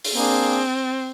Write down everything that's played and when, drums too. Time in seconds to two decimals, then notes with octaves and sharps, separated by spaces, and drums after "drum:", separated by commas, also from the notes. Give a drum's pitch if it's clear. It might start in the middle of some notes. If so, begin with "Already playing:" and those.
0.04 drum: open hi-hat
0.14 A#3 C4 D4 G#4